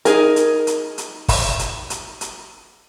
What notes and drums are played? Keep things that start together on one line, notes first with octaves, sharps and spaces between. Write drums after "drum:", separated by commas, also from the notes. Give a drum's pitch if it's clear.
D#4 G#4 A#4, drum: hi-hat
drum: hi-hat
drum: hi-hat
drum: hi-hat
drum: kick, open hi-hat
drum: hi-hat
drum: hi-hat
drum: hi-hat